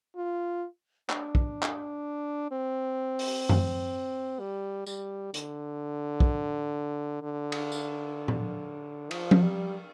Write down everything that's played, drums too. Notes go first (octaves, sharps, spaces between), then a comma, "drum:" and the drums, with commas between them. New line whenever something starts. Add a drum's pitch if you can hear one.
F4
D4, drum: clap
drum: kick
drum: clap
C4
drum: open hi-hat
drum: tom F#2
G3
G3, drum: tambourine
D3, drum: hi-hat
drum: kick
D3
drum: cymbal
drum: tambourine
drum: tom A#2
F3, drum: cymbal
drum: tom F3
G3